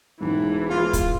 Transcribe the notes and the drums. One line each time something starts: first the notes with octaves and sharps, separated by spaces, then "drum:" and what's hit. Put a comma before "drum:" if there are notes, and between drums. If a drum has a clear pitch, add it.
E1 G#2 B2 E3
G#3 B3 F4
drum: kick, hi-hat